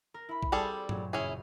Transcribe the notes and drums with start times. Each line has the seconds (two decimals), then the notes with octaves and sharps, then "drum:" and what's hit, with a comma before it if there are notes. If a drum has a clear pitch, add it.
0.14 A#4
0.29 E4 B5
0.43 drum: kick A#1
0.52 G3 C4 G#4 A4
0.89 A#2 F#3, drum: tom G2
1.13 F#1 C#4 E4 G#4